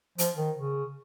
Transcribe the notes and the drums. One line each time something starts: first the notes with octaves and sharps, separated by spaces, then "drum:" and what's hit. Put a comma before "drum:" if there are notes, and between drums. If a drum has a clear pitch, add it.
F3, drum: hi-hat
D#3
C#3